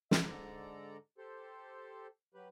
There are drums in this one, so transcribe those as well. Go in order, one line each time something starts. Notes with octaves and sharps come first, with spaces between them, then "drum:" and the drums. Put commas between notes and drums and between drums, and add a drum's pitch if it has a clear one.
E5, drum: snare
G#2 D3 A4 D5 A#5
G4 A4 C5
F#3 G4 B4